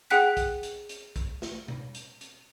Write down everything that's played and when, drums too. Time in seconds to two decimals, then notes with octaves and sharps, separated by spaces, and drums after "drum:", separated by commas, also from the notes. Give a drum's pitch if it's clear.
0.10 G#4 F#5 G5 F#6 B6, drum: hi-hat
0.37 drum: kick, hi-hat
0.63 drum: hi-hat
0.89 drum: hi-hat
1.16 drum: kick, hi-hat
1.42 drum: snare
1.68 drum: tom B2
1.95 drum: hi-hat
2.21 drum: hi-hat